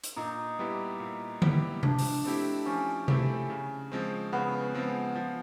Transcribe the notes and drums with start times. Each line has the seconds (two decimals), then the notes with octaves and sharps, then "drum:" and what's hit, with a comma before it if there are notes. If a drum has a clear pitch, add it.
0.04 drum: hi-hat
0.16 A#2 D#4
0.59 G3 B3 E4 G4
1.00 A#2
1.42 G3 B3 E4 G4, drum: tom D3
1.83 F3 D4, drum: tom C3
1.98 drum: open hi-hat
2.25 A3 C4 E4 G4
2.66 F3 C#4
3.08 A3 C4 E4 G4, drum: tom C3
3.50 C#3
3.92 F3 G#3 C4
4.32 C#3 B3
4.75 F3 G#3 C4
5.16 F3